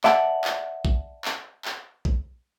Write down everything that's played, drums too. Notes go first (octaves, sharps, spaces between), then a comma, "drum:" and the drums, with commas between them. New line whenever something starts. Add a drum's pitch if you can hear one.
D5 E5 F#5 A5, drum: clap
drum: clap
drum: kick A#1
drum: clap
drum: clap
drum: kick A#1